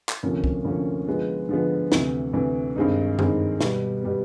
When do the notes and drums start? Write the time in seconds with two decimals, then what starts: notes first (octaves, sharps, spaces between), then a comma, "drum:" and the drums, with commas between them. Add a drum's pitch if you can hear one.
0.09 drum: clap
0.23 D2 C3 F3 A#3 C#4
0.44 drum: kick
0.65 D2 C3 F3 A#3 C#4
1.07 D3 F3 G#3 B3
1.49 D3 F3 G#3 B3
1.92 D2 C3 E3, drum: snare
2.33 D2 C3 E3
2.76 G2 D#3 G#3 C4 D#4
3.19 G2 D#3 G#3 C4 D#4, drum: tom F#2
3.61 B2 G3 B3, drum: snare
4.02 B2 G3 B3